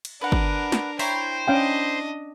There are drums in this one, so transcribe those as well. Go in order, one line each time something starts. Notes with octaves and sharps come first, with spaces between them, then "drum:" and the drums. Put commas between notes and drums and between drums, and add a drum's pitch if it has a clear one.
drum: cymbal
D4 A#4 B4 F#5
drum: kick
drum: snare
E4 C5 C#5 G5 A#5, drum: open hi-hat
C#4 D4 D#5 F5 G5